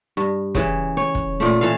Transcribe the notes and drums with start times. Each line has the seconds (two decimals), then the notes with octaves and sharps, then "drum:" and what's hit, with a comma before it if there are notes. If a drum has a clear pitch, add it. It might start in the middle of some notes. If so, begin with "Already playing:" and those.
0.17 G2
0.55 C#3 E3, drum: kick
0.97 C#5
1.15 drum: kick
1.40 A#2 A3
1.61 E3 A4 F5